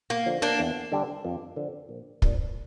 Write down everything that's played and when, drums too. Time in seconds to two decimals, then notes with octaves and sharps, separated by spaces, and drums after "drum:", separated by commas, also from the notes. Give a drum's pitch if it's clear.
0.10 A#3
0.26 D3 F3
0.42 A#3 D4
0.59 E2
0.92 D3 G3 D4 G4
1.25 F2
1.56 D3 F3
1.89 A#1
2.22 A#2 G3 D4, drum: kick